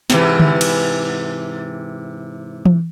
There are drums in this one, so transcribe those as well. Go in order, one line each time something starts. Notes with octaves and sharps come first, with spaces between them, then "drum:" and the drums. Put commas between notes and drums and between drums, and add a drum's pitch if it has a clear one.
G#2 C3 E3, drum: snare
drum: tom D3
drum: cymbal
drum: tom E3